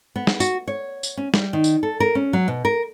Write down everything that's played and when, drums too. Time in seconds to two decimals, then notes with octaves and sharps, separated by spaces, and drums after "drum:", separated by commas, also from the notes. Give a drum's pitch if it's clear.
0.16 B3
0.27 drum: snare
0.40 F#4, drum: tambourine
0.67 C#5
1.03 drum: tambourine
1.17 C#4
1.34 G3, drum: snare
1.53 D#3
1.64 drum: tambourine
1.83 A4
2.00 A#4
2.15 C#4
2.33 F#3
2.48 B2
2.65 A#4